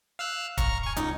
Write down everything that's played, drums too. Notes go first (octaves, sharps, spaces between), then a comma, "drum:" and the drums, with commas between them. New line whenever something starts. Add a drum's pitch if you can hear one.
F5 E6 F#6
A#5 C#6 F6, drum: kick, hi-hat
G#5 C#6
C#2 D#4, drum: hi-hat